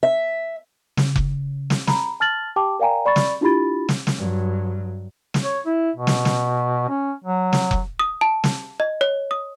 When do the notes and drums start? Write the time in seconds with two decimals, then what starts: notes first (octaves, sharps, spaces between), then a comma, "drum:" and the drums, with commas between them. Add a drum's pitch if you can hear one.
0.03 E5
0.97 C#3, drum: snare
1.16 drum: kick F1
1.70 drum: snare
1.87 A#5 B5, drum: snare
2.20 A5 F6 A6 F#7
2.56 G4 G5 A5 D6
2.79 A#4 D5 F5 G5 G#5 A#5
3.05 D5 B5 C#6 A6
3.16 drum: snare
3.41 D4 E4 F4 G4 B5 A6
3.89 drum: snare
4.07 drum: snare
4.17 G2 F#3
5.34 drum: snare
5.44 C#5
5.66 E4
5.96 B2
6.07 drum: snare
6.25 drum: snare
6.89 C#4
7.24 F#3
7.53 drum: snare
7.71 drum: kick F1
7.99 D#6
8.21 A5
8.44 drum: snare
8.80 D#5
9.01 C#5
9.31 D#6